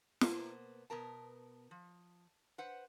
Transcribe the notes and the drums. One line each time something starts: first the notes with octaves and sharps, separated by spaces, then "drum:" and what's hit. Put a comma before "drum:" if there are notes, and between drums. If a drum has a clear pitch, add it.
B2 A#3 B3 C5, drum: snare
B2 B3 A#4 A5
F3
B4 C5 F#5